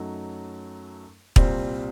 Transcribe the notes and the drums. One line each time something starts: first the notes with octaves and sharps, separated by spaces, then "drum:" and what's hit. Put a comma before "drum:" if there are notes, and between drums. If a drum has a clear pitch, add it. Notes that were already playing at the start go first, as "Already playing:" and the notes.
Already playing: F#2 F#3 A3 D#4
C2 A#2 G3 C4, drum: kick